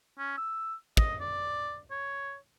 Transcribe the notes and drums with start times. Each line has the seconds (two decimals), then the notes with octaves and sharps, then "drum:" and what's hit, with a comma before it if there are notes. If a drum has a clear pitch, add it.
0.18 C#4
0.37 E6
0.97 D#5, drum: kick
1.20 D5
1.91 C#5